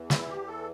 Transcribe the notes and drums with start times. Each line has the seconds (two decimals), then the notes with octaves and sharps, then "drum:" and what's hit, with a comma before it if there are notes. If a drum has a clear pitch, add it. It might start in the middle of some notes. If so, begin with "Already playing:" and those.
Already playing: E2 E3
0.10 E4, drum: snare
0.29 G4
0.48 A4